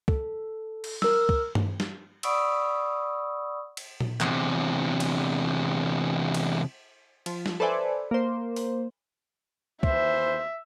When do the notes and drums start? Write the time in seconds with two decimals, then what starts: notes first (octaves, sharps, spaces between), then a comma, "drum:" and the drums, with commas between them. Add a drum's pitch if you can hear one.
0.08 A4, drum: kick
0.84 drum: cymbal
1.02 A#4 E6, drum: snare
1.29 drum: kick
1.55 drum: tom G2
1.80 drum: snare
2.23 D5 F#5 B5 C#6 D#6 E6, drum: cymbal
3.77 drum: cymbal
4.00 drum: tom A#2
4.21 E2 C3, drum: clap
5.00 drum: cymbal
6.34 drum: cymbal
7.26 F3, drum: cymbal
7.46 drum: snare
7.60 A4 B4 C5 D5 E5 G#5
8.11 A#3 C5
8.56 drum: open hi-hat
9.83 D#2 E3 C5 E5, drum: kick